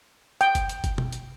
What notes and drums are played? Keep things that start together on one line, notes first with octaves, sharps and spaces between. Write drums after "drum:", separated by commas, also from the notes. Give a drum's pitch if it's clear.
G5, drum: hi-hat
drum: kick F#1, hi-hat
drum: hi-hat
drum: kick F#1, hi-hat
drum: tom
drum: hi-hat